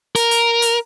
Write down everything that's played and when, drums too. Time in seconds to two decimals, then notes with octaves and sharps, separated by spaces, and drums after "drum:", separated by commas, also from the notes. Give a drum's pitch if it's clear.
0.16 A#4, drum: hi-hat
0.31 drum: hi-hat
0.62 drum: hi-hat